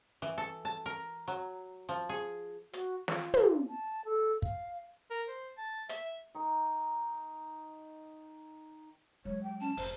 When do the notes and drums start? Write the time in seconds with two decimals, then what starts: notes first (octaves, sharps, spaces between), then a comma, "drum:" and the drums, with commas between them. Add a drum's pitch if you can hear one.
0.22 E3
0.38 A4
0.65 A5
0.86 A#4
1.28 F#3
1.89 F3
2.09 G#4
2.73 F#4, drum: hi-hat
3.08 F4, drum: snare
3.34 drum: tom
3.69 A5
4.05 A4
4.42 F5, drum: kick
5.10 A#4
5.28 C5
5.58 A5
5.89 E5, drum: hi-hat
6.34 D#3 D#4
9.25 F#3 G#3 C#5
9.43 G5
9.61 C#4 A5
9.77 F1 F2 C5, drum: open hi-hat